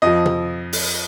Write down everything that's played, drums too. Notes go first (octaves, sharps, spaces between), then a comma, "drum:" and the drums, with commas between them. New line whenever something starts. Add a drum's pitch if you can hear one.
F2 F3 D#5
drum: tom
drum: open hi-hat